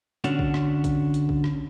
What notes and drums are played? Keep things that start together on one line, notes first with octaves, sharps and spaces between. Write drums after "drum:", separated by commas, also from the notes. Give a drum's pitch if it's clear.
D3 C#4 D4 F#4, drum: hi-hat
drum: kick A#1
drum: rim click
drum: kick A#1, hi-hat
drum: hi-hat
drum: kick A#1
drum: rim click